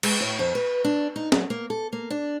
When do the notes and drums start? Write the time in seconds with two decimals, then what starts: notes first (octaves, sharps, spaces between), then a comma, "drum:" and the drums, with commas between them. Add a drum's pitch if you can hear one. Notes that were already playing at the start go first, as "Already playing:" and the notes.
0.03 G#3, drum: cymbal
0.21 A2
0.39 F2
0.55 B4
0.85 D4
1.16 D#4
1.32 F#3, drum: snare
1.50 A#3
1.70 A4
1.93 A#3
2.10 D4